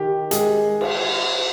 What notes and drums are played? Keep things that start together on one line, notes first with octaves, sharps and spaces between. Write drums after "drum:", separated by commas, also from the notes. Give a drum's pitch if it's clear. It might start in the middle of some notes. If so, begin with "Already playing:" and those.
Already playing: D#3 G4
G#3 G#4, drum: hi-hat
drum: cymbal